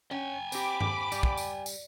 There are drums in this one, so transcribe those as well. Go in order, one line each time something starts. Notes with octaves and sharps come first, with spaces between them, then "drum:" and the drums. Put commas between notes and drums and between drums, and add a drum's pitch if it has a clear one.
C#4 G5 G#5
C4 G4 B5 D6, drum: tambourine
drum: tom G2
G3, drum: tambourine
drum: kick
drum: tambourine
drum: tambourine